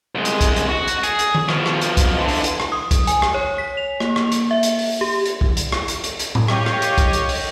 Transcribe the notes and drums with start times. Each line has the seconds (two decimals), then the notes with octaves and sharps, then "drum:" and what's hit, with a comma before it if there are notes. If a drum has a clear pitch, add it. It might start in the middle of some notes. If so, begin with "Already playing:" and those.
0.15 C2 G#3
0.25 drum: hi-hat
0.41 drum: kick, hi-hat
0.56 drum: hi-hat
0.69 F#4
0.88 drum: hi-hat
1.03 G#4, drum: hi-hat
1.19 drum: hi-hat
1.35 drum: tom D#3
1.49 B2 F3, drum: rim click
1.66 drum: rim click
1.81 drum: hi-hat
1.97 drum: kick, hi-hat
2.19 D3 E3
2.28 drum: open hi-hat
2.44 drum: hi-hat
2.60 drum: rim click
2.72 D#6
2.91 drum: kick, hi-hat
3.07 G#5, drum: hi-hat
3.22 drum: rim click
3.34 C#5
3.58 B6
3.77 F7
4.00 A#3, drum: rim click
4.16 drum: rim click
4.32 drum: hi-hat
4.51 E5
4.63 drum: hi-hat
4.79 drum: open hi-hat
5.01 G4
5.26 drum: hi-hat
5.41 drum: kick
5.57 drum: hi-hat
5.72 drum: rim click
5.88 drum: hi-hat
6.04 drum: hi-hat
6.19 drum: hi-hat
6.35 drum: tom A2
6.48 G4 C#5 D#5 F5, drum: rim click
6.66 drum: rim click
6.82 drum: hi-hat
6.98 drum: kick, hi-hat
7.13 drum: hi-hat
7.29 drum: open hi-hat